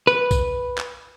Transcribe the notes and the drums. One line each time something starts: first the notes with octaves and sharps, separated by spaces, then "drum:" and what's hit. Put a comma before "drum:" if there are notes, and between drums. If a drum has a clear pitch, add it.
B4
drum: kick B1, tambourine
drum: clap